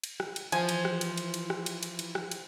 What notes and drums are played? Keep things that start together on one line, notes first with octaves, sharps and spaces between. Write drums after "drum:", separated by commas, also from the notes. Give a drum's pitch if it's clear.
drum: cymbal
drum: rim click
drum: cymbal
E3 F3 G#5, drum: cymbal
drum: cymbal
drum: rim click
drum: cymbal
drum: cymbal
drum: cymbal
drum: rim click
drum: cymbal
drum: cymbal
drum: cymbal
drum: rim click
drum: cymbal